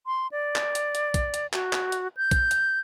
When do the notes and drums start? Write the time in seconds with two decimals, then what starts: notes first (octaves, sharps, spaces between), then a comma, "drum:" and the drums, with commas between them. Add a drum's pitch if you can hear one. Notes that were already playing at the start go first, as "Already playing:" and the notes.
0.06 C6
0.32 D5
0.56 drum: clap
0.75 drum: hi-hat
0.95 drum: hi-hat
1.14 drum: kick, hi-hat
1.34 drum: hi-hat
1.53 F#4, drum: clap
1.73 drum: clap
1.92 drum: hi-hat
2.17 G6
2.31 drum: kick, hi-hat
2.51 drum: hi-hat